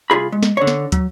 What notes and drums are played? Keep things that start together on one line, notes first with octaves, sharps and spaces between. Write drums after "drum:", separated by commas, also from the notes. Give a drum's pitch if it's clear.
C2 F4 G#4 B5
G#3
drum: snare
D3 C#5
drum: snare
F#3, drum: kick, hi-hat